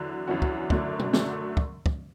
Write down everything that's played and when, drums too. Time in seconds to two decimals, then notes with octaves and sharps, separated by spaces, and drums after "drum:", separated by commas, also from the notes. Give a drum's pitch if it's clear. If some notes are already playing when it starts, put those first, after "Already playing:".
Already playing: E2 D3 F#3
0.27 E2 D3 F#3 C#4 F#4
0.42 drum: kick
0.70 F#2 D3 F#3 A3 D4, drum: kick
0.99 drum: tom B2
1.13 F#2 D3 F#3 A3 D4, drum: snare
1.57 drum: kick
1.86 drum: kick